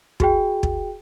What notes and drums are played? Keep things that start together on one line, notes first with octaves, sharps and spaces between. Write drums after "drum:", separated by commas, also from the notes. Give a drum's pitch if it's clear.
F#4 G#4 G5, drum: kick
drum: kick